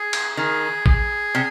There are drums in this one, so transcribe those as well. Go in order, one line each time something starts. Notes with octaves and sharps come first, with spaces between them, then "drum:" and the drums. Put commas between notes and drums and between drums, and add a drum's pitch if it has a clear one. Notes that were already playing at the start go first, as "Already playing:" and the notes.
Already playing: G#4
drum: cymbal
D#3 G#4
G#4, drum: kick A1
C3